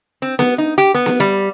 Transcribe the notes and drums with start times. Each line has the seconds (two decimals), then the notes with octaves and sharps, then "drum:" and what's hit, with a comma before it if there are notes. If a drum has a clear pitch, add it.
0.22 C4
0.39 B3, drum: snare B3
0.58 D#4
0.78 G4
0.94 B3
1.06 drum: snare B3
1.20 G3